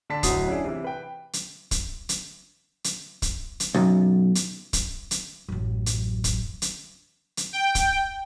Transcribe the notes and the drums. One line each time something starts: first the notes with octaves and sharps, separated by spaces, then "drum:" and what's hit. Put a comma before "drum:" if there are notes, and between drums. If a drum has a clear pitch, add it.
D3 D4 A5 B6
D1 D2 F#3 F#4 D#6 C7, drum: kick, hi-hat
C#4 D4 E4 G#4 D5
C3 E3 E4
B4 G5
drum: hi-hat
drum: kick, hi-hat
drum: hi-hat
drum: hi-hat
drum: kick, hi-hat
drum: hi-hat
B1 F#2
drum: hi-hat
drum: kick, hi-hat
drum: hi-hat
A1 F#2
drum: hi-hat
drum: kick, hi-hat
drum: hi-hat
drum: hi-hat
G5
drum: kick, hi-hat